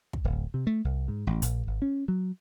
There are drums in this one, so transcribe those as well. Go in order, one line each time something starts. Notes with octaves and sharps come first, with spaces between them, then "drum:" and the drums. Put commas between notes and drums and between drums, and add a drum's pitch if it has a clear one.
drum: kick
D1
C3
A3
C2
G#2
A1
A#1, drum: hi-hat
G#1
C#4
F#3